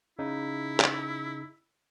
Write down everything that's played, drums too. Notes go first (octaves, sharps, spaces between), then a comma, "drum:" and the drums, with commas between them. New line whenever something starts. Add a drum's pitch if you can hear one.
C#3 D#4 E4
drum: clap